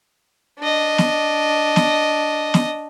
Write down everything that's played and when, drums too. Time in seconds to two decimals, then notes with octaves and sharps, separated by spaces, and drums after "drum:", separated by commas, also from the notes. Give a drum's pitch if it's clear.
0.59 D4 D#5
0.98 drum: snare
1.76 drum: snare
2.54 drum: snare